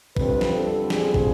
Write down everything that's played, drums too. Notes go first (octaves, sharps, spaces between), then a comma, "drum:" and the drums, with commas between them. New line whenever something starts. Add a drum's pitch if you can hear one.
F2 D3 G3 C4 B4, drum: kick
drum: snare
A4
G#4, drum: snare
drum: kick